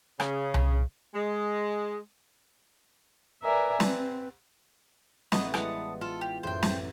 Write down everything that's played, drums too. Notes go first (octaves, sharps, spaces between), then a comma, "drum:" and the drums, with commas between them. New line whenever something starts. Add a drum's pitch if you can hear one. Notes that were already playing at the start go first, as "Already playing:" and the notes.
C#3, drum: rim click
drum: tom C2
G#3
A#4 B4 D5 E5 G#5 A#5
C4 B4, drum: snare
A1 A3 B3 D#5, drum: snare
G3 G#3 B3 E4 F#5 A5, drum: rim click
F4 A4
G4 G5 C6
A1 F#2 A2 C5 G5
drum: snare